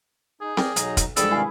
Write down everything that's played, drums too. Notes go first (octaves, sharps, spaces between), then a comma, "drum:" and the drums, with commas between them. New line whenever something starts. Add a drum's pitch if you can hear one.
D#4 G#4
A#4 D5 G5, drum: snare C4
B1 F#3 D#4 A#5, drum: hi-hat
drum: kick, hi-hat
G#2 E3 F3 G3 D4 G#4 A4 B4, drum: hi-hat
C3 D#3 E4 G#4 F5 G#5